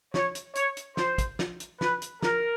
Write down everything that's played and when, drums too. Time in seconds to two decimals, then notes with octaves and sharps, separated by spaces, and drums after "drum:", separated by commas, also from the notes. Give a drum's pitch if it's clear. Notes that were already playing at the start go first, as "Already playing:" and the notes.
0.14 C#5, drum: snare
0.35 drum: hi-hat
0.55 C#5, drum: hi-hat
0.77 drum: hi-hat
0.97 C5, drum: snare
1.18 drum: kick, hi-hat
1.39 drum: snare
1.60 drum: hi-hat
1.81 B4, drum: snare
2.02 drum: hi-hat
2.22 A#4, drum: snare